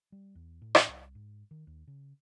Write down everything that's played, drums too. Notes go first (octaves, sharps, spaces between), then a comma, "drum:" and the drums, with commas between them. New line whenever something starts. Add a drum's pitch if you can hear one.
G3
E2
A2
drum: rim click
C2
G#2
D#3
D#2
C#3